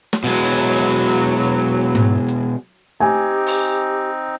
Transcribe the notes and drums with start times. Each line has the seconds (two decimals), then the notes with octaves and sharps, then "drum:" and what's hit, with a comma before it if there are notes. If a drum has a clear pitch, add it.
0.13 drum: snare
0.24 B2 F#3 G#3
1.95 drum: tom G#2
2.28 drum: hi-hat
3.00 C4 D#4 G4 G#5
3.47 drum: open hi-hat